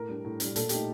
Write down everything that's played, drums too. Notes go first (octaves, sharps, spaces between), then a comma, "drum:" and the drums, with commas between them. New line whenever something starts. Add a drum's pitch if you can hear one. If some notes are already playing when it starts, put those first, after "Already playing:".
Already playing: A2 A#4
G3 D4
A2
G3 D4, drum: hi-hat
A#2 A4, drum: hi-hat
A3 D#4 G4, drum: hi-hat